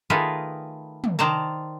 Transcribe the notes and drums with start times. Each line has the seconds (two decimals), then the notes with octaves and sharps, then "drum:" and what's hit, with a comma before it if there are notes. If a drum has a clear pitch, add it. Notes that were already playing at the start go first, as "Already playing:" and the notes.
0.10 D#3 A3 F4 G#4 A#4 B4
1.04 drum: tom
1.19 D#3 C5 D5 A5 A#5